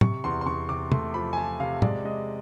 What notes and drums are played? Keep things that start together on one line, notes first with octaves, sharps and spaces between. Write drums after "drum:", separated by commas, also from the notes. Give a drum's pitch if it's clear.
C3 C#6, drum: tom A2
E2 C6
C6
E2 C#6
C3 D6
A3 C6, drum: tom
F3 B5
G#5
F3 A5
C3 F5
G#3 D5, drum: tom A2
G#3 D#5